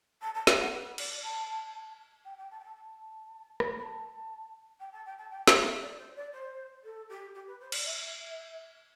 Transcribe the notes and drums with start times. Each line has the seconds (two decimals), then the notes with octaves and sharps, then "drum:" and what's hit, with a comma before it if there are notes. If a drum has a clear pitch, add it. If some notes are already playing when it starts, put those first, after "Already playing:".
0.22 A5
0.34 A5
0.47 G5, drum: snare
0.60 F#5
0.73 B4
0.98 D5, drum: cymbal
1.23 A5
2.25 G5
2.38 G5
2.51 A5
2.60 G5
2.64 A5
2.76 A5
3.60 drum: rim click
3.78 B5
3.83 A5
4.80 G5
4.93 A5
5.06 G5
5.18 A5
5.31 G5
5.47 G5, drum: snare
5.65 E5
5.82 D5
5.98 C5
6.16 D5
6.32 C5
6.84 A4
7.09 G4
7.35 G4
7.47 B4
7.60 C5
7.72 D5, drum: cymbal
7.85 E5